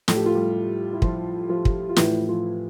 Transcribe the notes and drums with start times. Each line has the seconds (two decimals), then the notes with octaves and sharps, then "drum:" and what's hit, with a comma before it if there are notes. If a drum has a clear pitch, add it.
0.08 A2 F3 A4, drum: snare
0.16 G4
0.26 F4
0.35 G3 G4
0.93 E4
1.02 F3 F4, drum: kick
1.49 F3 F4
1.65 drum: kick
1.89 F4
1.96 A2 E3 F3 E4, drum: snare
2.29 F3 F4